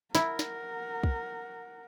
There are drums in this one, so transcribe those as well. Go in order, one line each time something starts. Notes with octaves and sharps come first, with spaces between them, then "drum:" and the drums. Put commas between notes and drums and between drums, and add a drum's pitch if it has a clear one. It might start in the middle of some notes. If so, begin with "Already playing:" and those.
E4 A#4 F#5, drum: snare
drum: snare
drum: kick B1